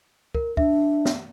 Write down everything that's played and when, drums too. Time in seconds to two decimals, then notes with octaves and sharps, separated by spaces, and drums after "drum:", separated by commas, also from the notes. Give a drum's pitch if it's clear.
0.35 A#4, drum: kick
0.57 D4 E5, drum: kick
1.05 drum: snare